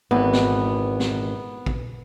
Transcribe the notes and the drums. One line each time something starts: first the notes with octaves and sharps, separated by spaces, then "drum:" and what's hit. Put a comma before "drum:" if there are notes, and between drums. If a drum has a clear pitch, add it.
G#1 E3 B3
drum: snare
drum: snare
drum: kick